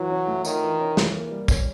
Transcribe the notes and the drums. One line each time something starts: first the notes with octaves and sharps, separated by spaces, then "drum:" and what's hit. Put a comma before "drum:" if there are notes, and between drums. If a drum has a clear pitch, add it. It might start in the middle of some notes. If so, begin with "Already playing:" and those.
Already playing: E3 F#3
C#4
A3
D#3 F4, drum: tambourine
E3
C#4
E3, drum: snare
A#3
G3
C#4, drum: kick, tambourine